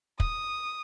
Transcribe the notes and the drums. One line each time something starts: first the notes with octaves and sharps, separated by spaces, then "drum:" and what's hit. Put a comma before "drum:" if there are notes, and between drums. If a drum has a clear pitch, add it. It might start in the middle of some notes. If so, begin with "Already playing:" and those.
D#6, drum: kick